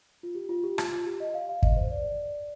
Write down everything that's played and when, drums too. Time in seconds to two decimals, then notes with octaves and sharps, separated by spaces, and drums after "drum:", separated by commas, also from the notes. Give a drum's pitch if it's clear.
0.23 F4
0.35 G4
0.49 F4
0.63 G4
0.78 F4, drum: rim click
0.92 F4
1.06 G4
1.20 D#5
1.34 F5
1.49 F5
1.63 D#5, drum: kick
1.76 C5
1.91 D5